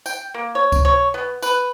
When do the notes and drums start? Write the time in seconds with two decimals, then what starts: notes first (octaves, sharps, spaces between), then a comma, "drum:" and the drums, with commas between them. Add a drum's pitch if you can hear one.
0.06 G5, drum: tambourine
0.34 A#3
0.55 C#5
0.72 drum: kick C#2, tambourine
0.85 C#5
1.14 B3
1.42 B4, drum: tambourine